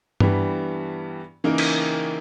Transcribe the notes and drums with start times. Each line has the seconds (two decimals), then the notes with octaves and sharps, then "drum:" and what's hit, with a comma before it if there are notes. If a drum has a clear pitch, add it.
0.20 G2 E3 G3 B3, drum: tom G2
1.44 C#3 E3 A#3 D#4 A#4
1.58 drum: cymbal